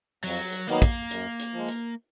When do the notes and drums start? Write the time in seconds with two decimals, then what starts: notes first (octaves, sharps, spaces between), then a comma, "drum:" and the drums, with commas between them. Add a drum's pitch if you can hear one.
0.24 F2 F#3, drum: open hi-hat
0.53 drum: hi-hat
0.67 D#3 F#3 A#3 B3 D#4
0.82 drum: kick, hi-hat
1.11 F#2, drum: hi-hat
1.40 drum: hi-hat
1.54 F3 G#3
1.69 drum: hi-hat